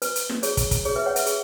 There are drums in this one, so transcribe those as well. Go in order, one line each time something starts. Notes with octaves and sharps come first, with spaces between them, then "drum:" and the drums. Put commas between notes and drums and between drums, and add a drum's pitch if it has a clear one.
B4, drum: hi-hat
drum: hi-hat
drum: snare
G#4 C#5, drum: hi-hat
drum: kick, hi-hat
drum: kick, hi-hat
G#4 C#5, drum: open hi-hat
B4 E5
C#5 F#5
B4 E5, drum: hi-hat
G#4, drum: hi-hat